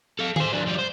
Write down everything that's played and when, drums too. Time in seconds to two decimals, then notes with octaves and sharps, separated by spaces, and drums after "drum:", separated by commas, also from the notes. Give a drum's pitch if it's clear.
0.19 A4 F5
0.36 G#4 C5, drum: tom
0.53 F#3 D4
0.67 F3 G3
0.79 C5